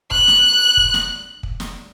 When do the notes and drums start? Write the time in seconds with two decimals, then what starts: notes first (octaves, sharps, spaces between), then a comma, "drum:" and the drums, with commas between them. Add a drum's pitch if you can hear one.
0.11 F#6, drum: kick
0.28 drum: snare
0.77 drum: kick
0.94 drum: snare
1.43 drum: kick
1.60 drum: snare